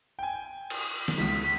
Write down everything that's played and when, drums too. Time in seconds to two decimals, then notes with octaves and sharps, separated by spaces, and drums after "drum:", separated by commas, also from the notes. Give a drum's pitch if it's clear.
0.19 G5 G#5
0.70 drum: cymbal
1.08 drum: snare
1.18 C#2 B6